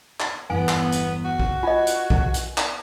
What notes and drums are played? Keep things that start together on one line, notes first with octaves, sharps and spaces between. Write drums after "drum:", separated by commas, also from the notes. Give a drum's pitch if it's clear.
A6, drum: clap
G1 E2 B3 G#5
drum: clap
drum: hi-hat
F#4
drum: kick A#1
F4 D#5 G#5
drum: hi-hat
drum: kick A#1
drum: hi-hat
drum: clap